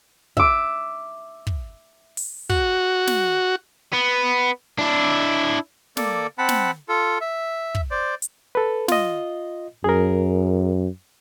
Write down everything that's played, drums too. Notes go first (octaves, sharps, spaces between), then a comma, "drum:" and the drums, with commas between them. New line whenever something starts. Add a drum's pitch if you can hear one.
E5 D6, drum: kick
drum: kick
drum: open hi-hat
F#4, drum: kick
drum: snare
B3
D4 E4
A#3 A4 D5, drum: snare
C4 F#5 A5 B5
drum: snare
F4 A4
E5
drum: kick
C5 D5
drum: hi-hat
A4 B4
F4 D#5, drum: snare
F#2 G#4 A#4